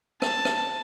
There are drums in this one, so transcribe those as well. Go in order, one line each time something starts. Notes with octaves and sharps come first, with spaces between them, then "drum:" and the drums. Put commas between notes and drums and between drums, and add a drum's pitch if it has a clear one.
A5, drum: rim click
drum: rim click